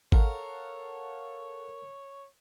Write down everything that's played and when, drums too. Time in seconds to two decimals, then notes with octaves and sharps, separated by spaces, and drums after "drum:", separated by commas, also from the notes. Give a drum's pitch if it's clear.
0.12 A4 A#4 C#5 F5 F#5, drum: kick G#1